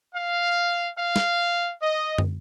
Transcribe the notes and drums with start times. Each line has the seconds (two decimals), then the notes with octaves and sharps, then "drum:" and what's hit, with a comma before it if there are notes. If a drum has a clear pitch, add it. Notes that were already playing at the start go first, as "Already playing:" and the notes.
0.15 F5
0.98 F5
1.16 drum: snare
1.82 D#5
2.18 drum: tom